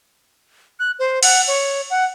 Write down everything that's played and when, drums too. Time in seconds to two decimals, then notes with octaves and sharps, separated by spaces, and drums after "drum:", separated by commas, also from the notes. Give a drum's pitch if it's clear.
0.79 F#6
0.99 C5
1.23 F#5, drum: cymbal
1.47 C#5
1.90 F#5